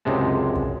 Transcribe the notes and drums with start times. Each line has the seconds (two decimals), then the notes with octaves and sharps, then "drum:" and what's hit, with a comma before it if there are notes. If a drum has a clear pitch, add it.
0.05 C#2 F#2 C3 G#3 A5
0.55 drum: kick